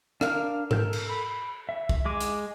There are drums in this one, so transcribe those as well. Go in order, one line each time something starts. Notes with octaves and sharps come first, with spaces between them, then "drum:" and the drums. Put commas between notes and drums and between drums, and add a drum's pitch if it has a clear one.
D4 A#4 F5 F6, drum: rim click
A4 A#4 G6, drum: tom G#2
drum: cymbal
B5
E5
drum: kick
G#3 G#4 D6
drum: hi-hat